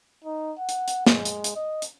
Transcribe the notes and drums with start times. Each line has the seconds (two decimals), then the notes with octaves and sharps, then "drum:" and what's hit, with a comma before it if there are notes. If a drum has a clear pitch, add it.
0.24 D#4
0.59 F#5
0.69 drum: hi-hat
0.88 drum: hi-hat
1.07 G#3, drum: snare
1.25 drum: hi-hat
1.44 drum: hi-hat
1.56 D#5
1.82 drum: hi-hat